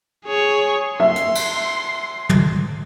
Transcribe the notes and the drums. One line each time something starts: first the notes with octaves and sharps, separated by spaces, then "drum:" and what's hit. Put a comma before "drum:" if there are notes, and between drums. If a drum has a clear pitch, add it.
G#4 C#5
E5 C6
drum: hi-hat
drum: cymbal
drum: tom